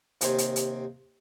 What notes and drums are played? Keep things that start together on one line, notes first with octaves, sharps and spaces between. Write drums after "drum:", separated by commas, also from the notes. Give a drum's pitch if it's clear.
D#2 C3 C5 G#5, drum: hi-hat
drum: hi-hat
drum: hi-hat